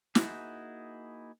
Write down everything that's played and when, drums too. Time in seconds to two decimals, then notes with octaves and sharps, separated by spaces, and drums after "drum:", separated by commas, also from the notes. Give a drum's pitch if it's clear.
0.15 A#3 D#4 E4 F#4 G#4, drum: snare